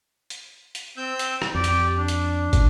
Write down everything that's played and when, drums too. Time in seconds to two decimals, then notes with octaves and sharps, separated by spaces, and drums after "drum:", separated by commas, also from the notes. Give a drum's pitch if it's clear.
0.30 drum: hi-hat
0.75 drum: hi-hat
0.97 C4 E6 G6
1.19 drum: hi-hat
1.42 drum: rim click
1.55 F2 G4 D5 G5
1.64 drum: hi-hat
1.97 D4
2.08 drum: hi-hat
2.53 drum: kick, hi-hat